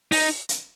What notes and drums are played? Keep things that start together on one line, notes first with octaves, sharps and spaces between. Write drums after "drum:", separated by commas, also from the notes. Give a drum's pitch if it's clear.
D#4, drum: open hi-hat
drum: hi-hat